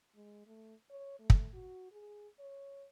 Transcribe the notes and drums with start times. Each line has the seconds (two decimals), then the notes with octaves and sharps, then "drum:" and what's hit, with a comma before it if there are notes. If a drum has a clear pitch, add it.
0.16 G#3
0.47 A3
0.90 C#5
1.20 A3
1.30 drum: kick
1.54 F#4
1.92 G#4
2.40 C#5